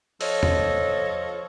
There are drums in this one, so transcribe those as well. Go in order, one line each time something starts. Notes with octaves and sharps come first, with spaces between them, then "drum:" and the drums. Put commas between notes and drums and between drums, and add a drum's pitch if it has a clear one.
F3 F4 A4 C#5 D#5, drum: open hi-hat
drum: tom E2